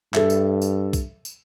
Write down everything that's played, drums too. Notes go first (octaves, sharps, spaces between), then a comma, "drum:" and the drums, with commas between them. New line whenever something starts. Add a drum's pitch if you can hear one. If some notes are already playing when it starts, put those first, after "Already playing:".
G2 A4 E5, drum: clap
drum: tambourine
drum: tambourine
drum: kick B1, tambourine
drum: tambourine